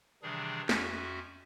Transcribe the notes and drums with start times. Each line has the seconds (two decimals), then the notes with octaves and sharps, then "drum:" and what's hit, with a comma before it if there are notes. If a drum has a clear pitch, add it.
0.23 C3 D#3 E3 G3 D4 G#4
0.69 F2 C#4 F#4 E5 G#5, drum: snare